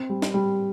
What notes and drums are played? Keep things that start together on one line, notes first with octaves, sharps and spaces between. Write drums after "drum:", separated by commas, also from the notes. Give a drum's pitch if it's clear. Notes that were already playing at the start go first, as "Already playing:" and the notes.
Already playing: C4
G3
drum: snare
G3